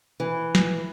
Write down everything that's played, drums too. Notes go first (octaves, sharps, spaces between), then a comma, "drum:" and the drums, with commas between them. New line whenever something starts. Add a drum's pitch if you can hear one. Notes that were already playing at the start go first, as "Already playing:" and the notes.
E3
drum: snare